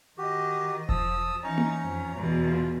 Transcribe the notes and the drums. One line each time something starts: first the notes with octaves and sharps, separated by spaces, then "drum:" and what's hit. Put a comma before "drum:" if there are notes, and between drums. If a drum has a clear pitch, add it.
D#3 F#4 G4 D#5
F3 A5 D#6 E6, drum: kick E1
E3 C#4 D#4 C#5 A#5
drum: tom A#3
F2
E2 B2 A#5
F4